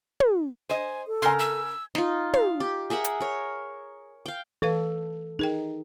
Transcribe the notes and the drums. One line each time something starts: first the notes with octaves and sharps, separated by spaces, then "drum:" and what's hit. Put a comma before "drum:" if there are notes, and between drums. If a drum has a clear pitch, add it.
drum: tom
C5 D#5 G#5
A4
C#3 A#4 G#5 C6 G#6
E6
D#4 F4, drum: snare
F5, drum: tom
G4
G#4 A#4 E5 F#5
drum: hi-hat
A#4 C#5
F5 G5
E3 A4 B4 F5
D#4 G#4 A#4 G5